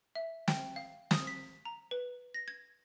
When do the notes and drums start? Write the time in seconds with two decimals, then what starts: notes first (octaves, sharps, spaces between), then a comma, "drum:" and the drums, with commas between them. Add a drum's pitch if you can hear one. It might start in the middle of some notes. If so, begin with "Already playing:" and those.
0.15 E5
0.48 G5, drum: snare
0.76 F5
1.11 D#6, drum: snare
1.27 B6
1.65 A#5
1.91 B4
2.34 A#6
2.48 G#6